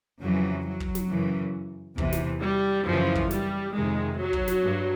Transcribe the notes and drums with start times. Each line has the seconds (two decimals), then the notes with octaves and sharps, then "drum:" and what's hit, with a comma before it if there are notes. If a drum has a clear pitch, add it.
0.21 F2 C#3 E3 F#3
0.65 F#3
0.80 drum: kick
0.95 drum: snare
1.09 F#2 C#3 E3
1.98 E2 C3 E3, drum: kick
2.13 drum: snare
2.42 G3
2.85 F#2 C#3 E3 F3
3.15 drum: kick
3.31 G3, drum: snare
3.74 F2 C3 D#3 G#3
4.18 F#3
4.33 drum: kick
4.48 drum: snare
4.63 G2